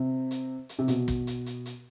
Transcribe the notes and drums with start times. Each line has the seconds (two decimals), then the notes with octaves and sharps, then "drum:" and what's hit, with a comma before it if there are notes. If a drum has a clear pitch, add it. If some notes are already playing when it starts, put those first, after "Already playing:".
Already playing: C3
0.31 drum: hi-hat
0.69 drum: hi-hat
0.79 C3
0.88 B2, drum: hi-hat
1.08 drum: kick, hi-hat
1.27 drum: hi-hat
1.46 drum: hi-hat
1.66 drum: hi-hat